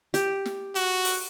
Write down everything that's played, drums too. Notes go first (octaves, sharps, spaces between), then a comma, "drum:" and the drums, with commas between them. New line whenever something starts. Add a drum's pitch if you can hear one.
G4, drum: hi-hat
drum: snare
F#4, drum: hi-hat
drum: open hi-hat